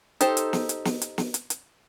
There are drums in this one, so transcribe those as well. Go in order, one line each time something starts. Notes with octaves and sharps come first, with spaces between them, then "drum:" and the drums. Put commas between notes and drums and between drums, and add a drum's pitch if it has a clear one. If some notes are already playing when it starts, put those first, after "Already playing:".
D#4 G4 A4 C5, drum: hi-hat
drum: hi-hat
drum: snare
drum: hi-hat
drum: snare
drum: hi-hat
drum: snare
drum: hi-hat
drum: hi-hat